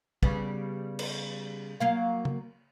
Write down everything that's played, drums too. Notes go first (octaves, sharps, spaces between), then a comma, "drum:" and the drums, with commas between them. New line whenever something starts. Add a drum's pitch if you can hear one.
C#3 G3 B3, drum: kick
drum: cymbal
F#3 A#3 F5
drum: tom